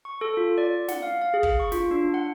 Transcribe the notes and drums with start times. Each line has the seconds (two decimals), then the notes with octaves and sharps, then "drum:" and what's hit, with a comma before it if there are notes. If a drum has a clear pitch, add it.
0.05 C#6
0.21 A4
0.37 F4
0.58 D5
0.88 F#5, drum: snare
1.02 F5
1.21 F5
1.34 G#4
1.43 drum: kick
1.60 C#6
1.72 F4, drum: snare
1.91 D4
2.14 F#5